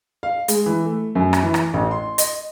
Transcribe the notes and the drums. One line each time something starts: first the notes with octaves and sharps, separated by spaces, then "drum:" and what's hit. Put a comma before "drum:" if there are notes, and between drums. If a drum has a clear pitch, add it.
F5
G#3, drum: hi-hat
E3
A3
F#2
drum: rim click
E3
drum: rim click
A1
C6
D#5, drum: hi-hat